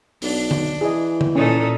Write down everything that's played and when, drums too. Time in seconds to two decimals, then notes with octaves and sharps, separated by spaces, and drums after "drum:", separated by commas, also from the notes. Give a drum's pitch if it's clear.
0.22 B1 D4, drum: open hi-hat
0.51 drum: tom D3
0.81 E3 G#4 D#5
1.21 drum: tom D3
1.35 A#2 C#4 D#4 A4